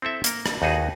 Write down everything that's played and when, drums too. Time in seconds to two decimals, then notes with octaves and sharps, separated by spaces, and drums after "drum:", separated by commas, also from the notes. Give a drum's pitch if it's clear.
0.02 C4 E4 A4 E5
0.24 A#3 A#4, drum: hi-hat
0.46 drum: rim click
0.62 D#2 D#4 F#4 G#4 B4